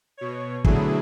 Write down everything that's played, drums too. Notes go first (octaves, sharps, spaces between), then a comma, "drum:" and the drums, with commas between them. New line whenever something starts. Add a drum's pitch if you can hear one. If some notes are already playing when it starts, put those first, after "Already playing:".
B2 C#5
B2 D3 F#3 A3 E4 G#4, drum: kick